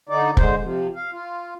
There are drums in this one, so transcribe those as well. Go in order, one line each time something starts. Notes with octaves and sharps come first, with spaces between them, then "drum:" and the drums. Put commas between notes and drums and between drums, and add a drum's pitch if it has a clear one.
D3 D#4 D5
D3 G#3 C5, drum: kick
C3 F3
F5
F4